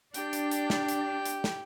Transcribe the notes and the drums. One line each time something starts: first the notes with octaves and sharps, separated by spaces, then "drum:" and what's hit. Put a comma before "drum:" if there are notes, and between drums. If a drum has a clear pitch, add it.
D4 G4 G5, drum: hi-hat
drum: hi-hat
drum: hi-hat
drum: snare
drum: hi-hat
drum: hi-hat
drum: snare